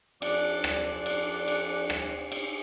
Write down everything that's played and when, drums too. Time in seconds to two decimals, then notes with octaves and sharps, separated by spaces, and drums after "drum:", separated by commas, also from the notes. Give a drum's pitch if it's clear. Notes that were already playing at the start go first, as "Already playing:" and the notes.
0.22 F2 D4 D5, drum: cymbal
0.64 drum: rim click
1.06 drum: cymbal
1.48 drum: cymbal
1.90 drum: rim click
2.32 drum: cymbal